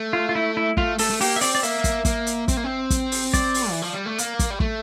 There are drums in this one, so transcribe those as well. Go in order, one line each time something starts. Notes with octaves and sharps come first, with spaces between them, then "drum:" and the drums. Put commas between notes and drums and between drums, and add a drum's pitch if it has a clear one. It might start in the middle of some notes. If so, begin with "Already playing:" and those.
Already playing: A3
F4
F4
E4
E4
A3 F4, drum: kick
A3 A4, drum: open hi-hat
A3
A#3 G4, drum: open hi-hat
E5
C4 D5, drum: open hi-hat
D5
A#3 E5, drum: hi-hat
drum: kick, hi-hat
A#3, drum: kick, hi-hat
drum: hi-hat
C4, drum: kick, hi-hat
A#3
C4
drum: kick, hi-hat
drum: open hi-hat
D5, drum: kick, hi-hat
drum: open hi-hat
E3
F3
G3
A3
A#3, drum: hi-hat
drum: kick, hi-hat
G3
A3, drum: kick